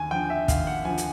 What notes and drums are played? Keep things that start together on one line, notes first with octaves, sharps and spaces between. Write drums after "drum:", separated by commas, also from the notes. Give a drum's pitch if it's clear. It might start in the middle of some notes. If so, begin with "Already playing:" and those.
Already playing: D#2 G#5
D3 F3 G5
E5
D#2 F5, drum: kick, hi-hat
F#5
D3 F3 G#5
drum: hi-hat